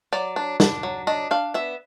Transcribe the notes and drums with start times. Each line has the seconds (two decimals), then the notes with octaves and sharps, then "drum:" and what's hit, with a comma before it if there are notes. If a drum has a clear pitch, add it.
0.13 F#3 D5
0.36 D4
0.60 D4, drum: snare
0.83 F#3
1.07 D4 D#5
1.31 D4 F5
1.54 B3 E5